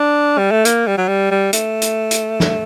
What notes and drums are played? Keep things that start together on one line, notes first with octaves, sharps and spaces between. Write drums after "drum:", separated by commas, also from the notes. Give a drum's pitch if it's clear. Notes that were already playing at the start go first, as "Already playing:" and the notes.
Already playing: D4
G3
A3
A#3, drum: hi-hat
G3
F#3
G3
G3
A3, drum: hi-hat
drum: hi-hat
drum: hi-hat
drum: snare